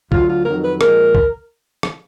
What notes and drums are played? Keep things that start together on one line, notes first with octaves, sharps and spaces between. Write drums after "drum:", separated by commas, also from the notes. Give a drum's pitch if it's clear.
D2 D3 F#3 F4, drum: kick
F4
F2 D#3 F#3 A#4
B4
A#2 F3 G#3 A#4, drum: rim click
drum: kick
drum: rim click